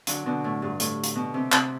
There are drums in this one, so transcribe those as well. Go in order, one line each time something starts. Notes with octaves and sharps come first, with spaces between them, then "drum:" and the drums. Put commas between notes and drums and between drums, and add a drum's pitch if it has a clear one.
D3 F#3, drum: hi-hat
B2 D3
A2
G2
A2, drum: hi-hat
drum: hi-hat
B2
C3
C3, drum: clap